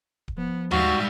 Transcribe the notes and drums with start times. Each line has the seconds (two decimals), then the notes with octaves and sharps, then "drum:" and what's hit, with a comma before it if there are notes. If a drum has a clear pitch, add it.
0.28 drum: kick D1
0.37 F3 B3
0.71 G#2 G3 F#4 E5 F5, drum: tom D#2